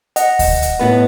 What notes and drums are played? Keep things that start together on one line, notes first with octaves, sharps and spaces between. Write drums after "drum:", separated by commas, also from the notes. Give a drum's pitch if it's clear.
D#5 F#5, drum: hi-hat
drum: kick D2, open hi-hat
drum: hi-hat
A2 B3 B4